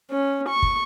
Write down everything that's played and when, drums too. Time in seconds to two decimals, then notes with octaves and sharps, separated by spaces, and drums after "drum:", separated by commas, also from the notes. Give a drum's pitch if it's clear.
0.12 C#4
0.49 C#6
0.62 drum: kick